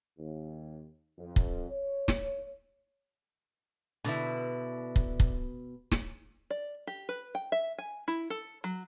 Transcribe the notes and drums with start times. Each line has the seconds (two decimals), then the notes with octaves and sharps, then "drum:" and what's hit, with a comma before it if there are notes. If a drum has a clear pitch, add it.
0.18 D#2
1.18 F2
1.36 drum: kick
1.70 C#5
2.08 drum: snare
4.04 B2 D3 E4
4.96 drum: kick
5.20 drum: kick
5.92 drum: snare
6.50 D5
6.87 G4
7.09 B4
7.35 G5
7.52 E5
7.78 G#5
8.08 E4
8.30 A4
8.64 F#3